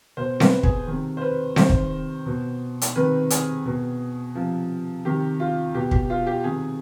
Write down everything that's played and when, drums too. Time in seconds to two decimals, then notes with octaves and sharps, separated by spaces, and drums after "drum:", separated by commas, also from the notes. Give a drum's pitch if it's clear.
0.17 B2 C5
0.40 B4, drum: snare C4
0.63 G#4, drum: kick
0.87 C3 D#3
1.17 C5
1.22 B4
1.56 C3 D#3 C5, drum: snare C4
1.69 drum: kick
2.26 B2
2.81 drum: hi-hat
2.96 C3 D#3 B4
3.30 G#4, drum: hi-hat
3.66 B2
4.35 C3 F3
5.05 C3 D#3 G4
5.40 F4
5.75 B2 G4
5.91 G4, drum: kick
6.10 F4
6.26 G4
6.44 C3 D#3 G#4